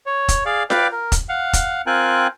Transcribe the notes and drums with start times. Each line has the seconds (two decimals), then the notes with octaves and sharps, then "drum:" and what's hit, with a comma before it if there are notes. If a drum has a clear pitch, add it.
0.06 C#5
0.28 drum: kick, hi-hat
0.46 G#4 D5 F5
0.70 B4 D5 F5 G5 D6, drum: snare F4
0.92 A#4
1.12 drum: kick, hi-hat
1.29 F5 F#5
1.53 drum: kick, hi-hat
1.87 C4 F4 A#4 G5 G#5 F#6